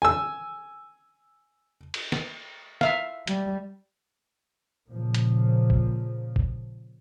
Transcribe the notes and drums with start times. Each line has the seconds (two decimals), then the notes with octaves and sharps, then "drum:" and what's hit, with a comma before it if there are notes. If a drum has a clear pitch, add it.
0.02 G#5 E6
1.94 drum: cymbal
2.12 drum: snare
2.81 E5 F5, drum: snare
3.27 G3, drum: hi-hat
4.90 A#2 C#3 F3
5.15 drum: hi-hat
5.70 drum: kick
6.36 drum: kick